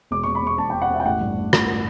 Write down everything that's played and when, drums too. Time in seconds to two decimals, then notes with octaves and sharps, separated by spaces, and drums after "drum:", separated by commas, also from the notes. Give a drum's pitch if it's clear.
0.11 E1 D6
0.23 C#6
0.27 E1
0.35 B5
0.42 E1 C#6
0.58 E1 A5
0.70 G5
0.74 E1
0.82 F#5
0.89 E1 E5
1.00 G5
1.05 A1 F#5
1.21 G2
1.36 A1
1.53 A1, drum: rim click